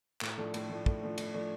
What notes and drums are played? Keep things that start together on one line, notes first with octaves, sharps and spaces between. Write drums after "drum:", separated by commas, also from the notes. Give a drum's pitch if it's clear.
A2, drum: clap
F3 A3 D4
A2, drum: cymbal
F3 A3 D4
A2, drum: kick
F3 A3 D4
A2, drum: cymbal
F3 A3 D4